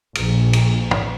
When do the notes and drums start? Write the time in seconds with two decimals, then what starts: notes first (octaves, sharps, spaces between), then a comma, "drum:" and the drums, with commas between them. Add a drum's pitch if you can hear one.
0.15 A#1, drum: cymbal
0.53 drum: cymbal
0.91 drum: tom